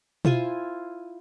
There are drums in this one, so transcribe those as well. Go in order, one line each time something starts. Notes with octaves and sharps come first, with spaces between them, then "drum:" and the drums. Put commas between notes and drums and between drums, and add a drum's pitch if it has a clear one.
E4 F4 C5 G#5, drum: tom B2